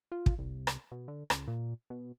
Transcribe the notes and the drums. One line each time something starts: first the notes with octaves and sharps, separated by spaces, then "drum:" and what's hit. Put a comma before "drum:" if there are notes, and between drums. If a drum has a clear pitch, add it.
F4
drum: kick
C2
drum: rim click
B2
D3
C#2, drum: rim click
A#2
B2